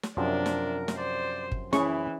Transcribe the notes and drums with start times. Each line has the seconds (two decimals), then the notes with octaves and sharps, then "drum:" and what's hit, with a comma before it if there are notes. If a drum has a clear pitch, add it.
0.03 drum: snare
0.17 F#2 C3 F3 D4 A#4
0.46 drum: snare
0.88 drum: snare
0.97 C5 D5
1.51 drum: kick G1
1.73 E3 C#4 E4 G#4 C#6, drum: snare